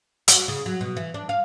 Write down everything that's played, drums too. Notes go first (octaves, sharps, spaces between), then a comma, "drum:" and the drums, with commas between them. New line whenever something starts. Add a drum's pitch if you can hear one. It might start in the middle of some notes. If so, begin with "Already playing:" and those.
F#4, drum: hi-hat
C#3
F#3
B2
E3
D4
F5